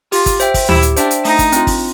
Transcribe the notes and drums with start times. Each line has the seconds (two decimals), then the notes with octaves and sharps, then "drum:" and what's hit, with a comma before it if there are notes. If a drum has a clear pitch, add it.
0.12 F4 G4, drum: open hi-hat
0.26 drum: kick, hi-hat
0.40 C5 E5 G5, drum: hi-hat
0.54 drum: kick, open hi-hat
0.69 E4 G4, drum: tom D2
0.82 drum: hi-hat
0.96 D4 C5 E5 G5, drum: hi-hat
1.11 drum: hi-hat
1.24 A3 D#4, drum: open hi-hat
1.39 drum: kick, hi-hat
1.52 C4 F4, drum: hi-hat
1.67 drum: kick, open hi-hat